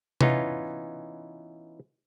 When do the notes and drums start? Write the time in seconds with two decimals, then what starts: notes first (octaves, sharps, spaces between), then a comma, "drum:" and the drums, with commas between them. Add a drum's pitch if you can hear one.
0.21 E3 B3 C#4 D#4 F4, drum: tom C3